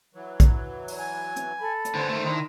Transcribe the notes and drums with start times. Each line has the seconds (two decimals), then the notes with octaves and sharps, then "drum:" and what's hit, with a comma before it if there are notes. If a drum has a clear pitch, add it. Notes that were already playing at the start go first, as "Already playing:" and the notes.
0.14 E3 F#3
0.40 drum: kick A#1, hi-hat
0.88 drum: open hi-hat
0.99 G#5
1.37 drum: hi-hat
1.60 A4 B5
1.85 drum: hi-hat
1.95 D3 B3 C5 G#5
2.09 D#3 A3
2.25 D#3 D4 E4 A#5 C6